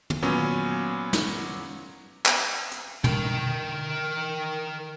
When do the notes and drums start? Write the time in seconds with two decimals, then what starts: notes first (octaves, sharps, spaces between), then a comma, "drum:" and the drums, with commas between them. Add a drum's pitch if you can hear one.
0.10 drum: tom
0.23 A#2 F#3 B3 C#4
1.13 drum: snare
2.26 drum: clap
2.72 drum: hi-hat
3.04 A#4 G5, drum: tom